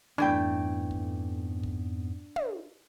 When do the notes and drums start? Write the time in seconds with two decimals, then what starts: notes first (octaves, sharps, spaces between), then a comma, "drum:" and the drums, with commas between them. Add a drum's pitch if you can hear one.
0.18 F2 G#2 E3 A3 B3 D4 G5
0.91 drum: kick
1.63 drum: kick
2.36 drum: tom